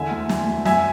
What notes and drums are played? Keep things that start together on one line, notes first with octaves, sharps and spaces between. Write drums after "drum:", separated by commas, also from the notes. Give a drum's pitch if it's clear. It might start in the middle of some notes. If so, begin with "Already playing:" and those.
Already playing: E2 D3 E5 G#5
D2
D2, drum: snare
D2
F#2 E5 G#5, drum: snare